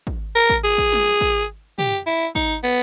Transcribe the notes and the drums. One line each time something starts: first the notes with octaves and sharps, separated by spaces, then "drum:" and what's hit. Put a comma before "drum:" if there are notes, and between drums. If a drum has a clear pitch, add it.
drum: kick
A#4
drum: kick
G#4
drum: kick
drum: snare
drum: kick
G4, drum: tom
E4
D#4, drum: kick
B3